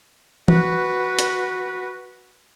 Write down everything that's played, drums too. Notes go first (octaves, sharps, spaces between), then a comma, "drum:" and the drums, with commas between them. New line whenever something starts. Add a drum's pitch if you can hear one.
F#4 B4, drum: tom E3
drum: hi-hat